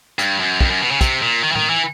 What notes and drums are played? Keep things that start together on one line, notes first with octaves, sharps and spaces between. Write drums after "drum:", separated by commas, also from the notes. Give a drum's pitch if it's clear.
G2, drum: hi-hat
F#2
F2, drum: kick
F#2
B2
C#3
C3, drum: kick, hi-hat
A#2
D#3
E3
D#3, drum: tom A2
E3